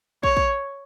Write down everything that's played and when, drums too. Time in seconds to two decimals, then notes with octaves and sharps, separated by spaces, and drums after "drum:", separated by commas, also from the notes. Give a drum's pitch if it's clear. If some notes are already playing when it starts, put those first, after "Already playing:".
0.23 C#5, drum: kick
0.37 drum: kick